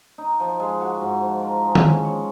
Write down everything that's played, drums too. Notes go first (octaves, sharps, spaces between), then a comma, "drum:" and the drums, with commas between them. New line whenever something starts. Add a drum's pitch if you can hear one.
D#4
F3
G#3
F#4
G#2
F3
A#4
G#3
drum: tom D#3
C#4
C#5